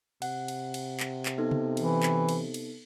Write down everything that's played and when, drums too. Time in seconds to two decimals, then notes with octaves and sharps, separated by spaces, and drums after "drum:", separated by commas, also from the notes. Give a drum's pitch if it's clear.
0.22 C3 F#5, drum: cymbal
0.48 drum: cymbal
0.74 drum: cymbal
1.00 drum: clap
1.26 drum: clap
1.38 B3 D#4 A4
1.51 drum: tom C3
1.77 E3, drum: cymbal
2.03 drum: clap
2.29 drum: cymbal
2.54 drum: cymbal